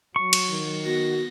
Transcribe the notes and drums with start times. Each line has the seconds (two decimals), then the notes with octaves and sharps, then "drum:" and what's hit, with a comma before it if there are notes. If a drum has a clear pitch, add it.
0.16 F#3 C#6
0.33 drum: cymbal
0.49 D#3
0.84 B3 F#4 A#6